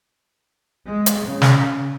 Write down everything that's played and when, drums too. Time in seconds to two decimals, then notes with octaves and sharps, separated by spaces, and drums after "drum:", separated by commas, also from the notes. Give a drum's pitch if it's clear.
0.87 G#3
1.06 drum: hi-hat
1.26 C#3
1.42 drum: snare